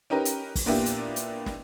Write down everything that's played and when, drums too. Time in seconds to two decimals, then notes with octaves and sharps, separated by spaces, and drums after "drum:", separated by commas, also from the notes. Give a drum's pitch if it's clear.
0.10 C#4 D#4 G4 A#4 B4
0.25 drum: hi-hat
0.56 drum: kick, open hi-hat
0.66 A#2 A#3 B3 D4 E4 G4
0.86 drum: hi-hat
1.16 drum: hi-hat
1.46 drum: snare